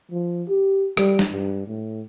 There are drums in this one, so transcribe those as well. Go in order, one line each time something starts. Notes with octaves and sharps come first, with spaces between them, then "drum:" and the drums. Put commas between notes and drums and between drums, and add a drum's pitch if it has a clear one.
F3
G4
G3, drum: rim click
drum: snare
G2
A2